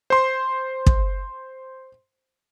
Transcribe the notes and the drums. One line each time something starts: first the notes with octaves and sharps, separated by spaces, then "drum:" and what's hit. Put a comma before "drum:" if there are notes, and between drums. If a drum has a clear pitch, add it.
C5 C6
drum: kick